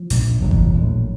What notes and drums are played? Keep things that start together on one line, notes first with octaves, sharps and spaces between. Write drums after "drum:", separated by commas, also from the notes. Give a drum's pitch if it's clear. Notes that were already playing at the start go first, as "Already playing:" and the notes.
Already playing: F3
A#1 G#2, drum: open hi-hat
F#1 E2 C3 F#3
drum: kick G1
A#1 A2